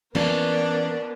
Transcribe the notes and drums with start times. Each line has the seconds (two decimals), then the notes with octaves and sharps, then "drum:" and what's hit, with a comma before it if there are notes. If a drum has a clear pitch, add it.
0.15 E3 A#3 B3 C#4 D4 A#4, drum: cymbal